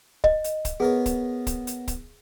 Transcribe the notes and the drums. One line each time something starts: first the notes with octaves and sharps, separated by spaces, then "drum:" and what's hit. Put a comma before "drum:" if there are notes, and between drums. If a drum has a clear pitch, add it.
D#5, drum: kick
drum: hi-hat
drum: kick, hi-hat
B3 G#4 A#4 C#5
drum: kick, hi-hat
drum: kick, hi-hat
drum: hi-hat
drum: kick, hi-hat